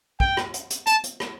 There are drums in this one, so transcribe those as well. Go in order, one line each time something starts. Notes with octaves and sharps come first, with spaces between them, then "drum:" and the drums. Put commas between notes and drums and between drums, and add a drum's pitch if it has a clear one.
G5, drum: kick
drum: rim click
drum: hi-hat
drum: hi-hat
A5, drum: hi-hat
drum: hi-hat
drum: rim click